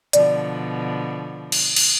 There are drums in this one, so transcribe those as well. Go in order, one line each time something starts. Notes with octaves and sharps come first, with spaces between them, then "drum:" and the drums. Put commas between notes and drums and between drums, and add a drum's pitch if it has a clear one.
B2 D3 F3 D5, drum: hi-hat
drum: cymbal
drum: cymbal